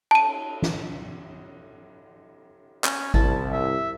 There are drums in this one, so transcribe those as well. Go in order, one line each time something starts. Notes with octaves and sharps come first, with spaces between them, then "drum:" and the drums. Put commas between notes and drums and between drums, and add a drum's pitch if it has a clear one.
A5 D#7, drum: cymbal
drum: snare
C#4, drum: clap
C2 E4 A5, drum: kick G#1
E5